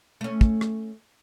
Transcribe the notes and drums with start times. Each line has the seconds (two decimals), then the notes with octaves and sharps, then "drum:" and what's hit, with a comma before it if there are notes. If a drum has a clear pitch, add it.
0.21 A3 C#4
0.41 drum: kick
0.61 drum: rim click